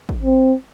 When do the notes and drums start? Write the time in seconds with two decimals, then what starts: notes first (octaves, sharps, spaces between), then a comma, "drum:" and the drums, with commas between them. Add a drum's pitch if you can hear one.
0.09 drum: kick
0.23 C4